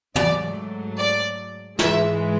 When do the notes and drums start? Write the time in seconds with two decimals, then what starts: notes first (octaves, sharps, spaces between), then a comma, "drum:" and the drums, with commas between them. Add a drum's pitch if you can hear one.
0.16 G#2 F#3 A3 D5, drum: tom
0.97 D5
1.79 G#2 E3 G#3 E5, drum: snare